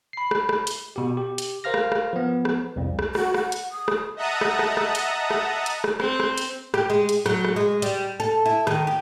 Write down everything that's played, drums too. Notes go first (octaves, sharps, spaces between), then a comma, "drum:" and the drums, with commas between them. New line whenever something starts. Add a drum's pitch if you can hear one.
B5 C7
drum: rim click
drum: rim click
drum: hi-hat
B2 G4
G4
drum: hi-hat
A#4 C5 F5 F6 A#6
drum: rim click
drum: rim click
F3 B3
drum: rim click
C2 F2
drum: rim click
F#4, drum: rim click
F#5, drum: rim click
drum: hi-hat
D#6
drum: rim click
D#5 E5 F#5 A5 A#5 D#6
drum: rim click
drum: rim click
drum: rim click
drum: hi-hat
drum: rim click
drum: hi-hat
drum: rim click
C4, drum: rim click
drum: rim click
drum: hi-hat
G4, drum: rim click
G#3
drum: hi-hat
F#3, drum: rim click
drum: rim click
G#3
G3, drum: hi-hat
A4
E4
D#3, drum: rim click
G4